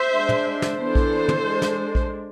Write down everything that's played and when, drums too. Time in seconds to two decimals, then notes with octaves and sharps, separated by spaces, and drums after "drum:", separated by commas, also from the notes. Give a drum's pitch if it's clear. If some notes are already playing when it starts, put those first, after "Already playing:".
Already playing: C5 E5
0.12 G#3 D4
0.29 drum: tom
0.62 drum: snare
0.78 E3 B3 D4 A4 C5
0.95 drum: kick A#1
1.29 drum: tom
1.45 G#3 D4
1.62 drum: snare
1.95 drum: kick A#1